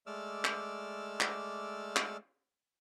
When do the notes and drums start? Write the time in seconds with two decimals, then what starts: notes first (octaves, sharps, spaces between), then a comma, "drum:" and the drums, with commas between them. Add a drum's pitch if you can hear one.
0.07 G#3 A3 D5 D6 E6 F6
0.45 drum: clap
1.20 drum: clap
1.96 drum: clap